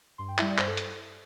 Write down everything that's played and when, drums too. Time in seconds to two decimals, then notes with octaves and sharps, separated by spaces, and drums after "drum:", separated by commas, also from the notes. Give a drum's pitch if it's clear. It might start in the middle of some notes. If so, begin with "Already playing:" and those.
0.18 G2 C6
0.28 G5
0.38 G3 E4 E5, drum: clap
0.48 D5
0.58 G2 C5, drum: clap
0.67 A4
0.77 drum: hi-hat